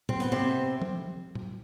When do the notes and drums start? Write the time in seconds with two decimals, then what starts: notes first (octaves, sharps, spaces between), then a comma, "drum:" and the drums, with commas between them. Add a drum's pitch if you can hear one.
0.09 C4, drum: tom
0.20 B3, drum: hi-hat
0.32 C3 C4
0.82 drum: tom
1.35 drum: tom